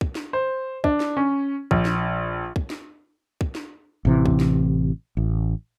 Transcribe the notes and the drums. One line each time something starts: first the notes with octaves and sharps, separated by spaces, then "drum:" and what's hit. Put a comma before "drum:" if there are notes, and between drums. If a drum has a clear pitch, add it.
drum: kick
drum: snare
C5
D4, drum: kick
drum: snare
C#4
A#1, drum: kick
drum: snare
drum: kick
drum: snare
drum: kick
drum: snare
A1 C3 E3
drum: kick
drum: snare
A1